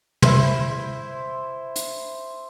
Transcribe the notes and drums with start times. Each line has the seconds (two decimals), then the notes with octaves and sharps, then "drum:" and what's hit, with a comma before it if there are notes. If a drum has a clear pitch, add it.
0.22 E4 C5, drum: tom
1.76 drum: hi-hat